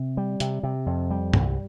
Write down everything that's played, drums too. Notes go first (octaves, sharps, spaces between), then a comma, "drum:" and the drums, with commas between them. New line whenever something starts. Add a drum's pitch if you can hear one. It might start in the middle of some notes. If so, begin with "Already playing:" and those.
Already playing: C3
G3
C3, drum: hi-hat
C3
F2
G3
C2, drum: tom G2